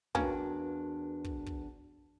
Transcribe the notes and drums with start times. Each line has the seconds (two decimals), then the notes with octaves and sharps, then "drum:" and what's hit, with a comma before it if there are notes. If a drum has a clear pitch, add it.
0.15 E2 A#3 C#4 D4 F#4 A#4 B4 G5, drum: kick
1.24 drum: kick
1.46 drum: kick